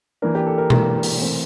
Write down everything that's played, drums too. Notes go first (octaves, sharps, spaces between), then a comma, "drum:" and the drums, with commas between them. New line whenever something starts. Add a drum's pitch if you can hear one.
E3 A#3 D4 A#4
G4
A4
A#4
E3 A#3 D4 A#4, drum: tom B2
drum: open hi-hat
E3 A3 C4